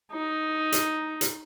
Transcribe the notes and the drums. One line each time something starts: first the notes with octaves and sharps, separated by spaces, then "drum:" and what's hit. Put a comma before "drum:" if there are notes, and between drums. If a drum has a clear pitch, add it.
D#4
drum: hi-hat
drum: hi-hat